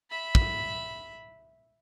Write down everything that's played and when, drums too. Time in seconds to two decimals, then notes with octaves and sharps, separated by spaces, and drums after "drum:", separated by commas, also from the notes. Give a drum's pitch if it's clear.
0.11 E5 B5
0.35 drum: kick